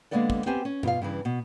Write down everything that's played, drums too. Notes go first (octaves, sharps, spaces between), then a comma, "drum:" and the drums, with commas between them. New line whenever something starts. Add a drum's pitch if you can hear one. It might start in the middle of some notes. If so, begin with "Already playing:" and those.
D3 G#3 A#3 B3 A4 D5
drum: kick
B3 C4 G4 C5 G#5
C#4
B2 F4 F5, drum: tom G2
G2 C#3 E3
B2